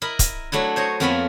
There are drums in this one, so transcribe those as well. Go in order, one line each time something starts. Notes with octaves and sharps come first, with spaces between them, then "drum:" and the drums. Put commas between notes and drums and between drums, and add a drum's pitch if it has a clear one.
E4 A#4 D#5 B5
drum: kick, hi-hat
F#3 A3 D4 E4
C5 C#5 D#5
F2 A#3 B3 F4 E5 B5